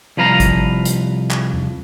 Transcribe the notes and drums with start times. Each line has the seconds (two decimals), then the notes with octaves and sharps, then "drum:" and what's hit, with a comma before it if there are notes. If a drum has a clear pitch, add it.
0.17 C2 F3 B4 F5 A#5
0.40 drum: kick G#1, hi-hat
0.85 drum: hi-hat
1.31 drum: clap
1.53 drum: tom E2